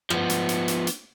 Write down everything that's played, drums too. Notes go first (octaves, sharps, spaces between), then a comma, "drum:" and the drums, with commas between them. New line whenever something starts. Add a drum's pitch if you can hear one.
F3 B3, drum: rim click
drum: hi-hat
drum: hi-hat
drum: hi-hat
drum: hi-hat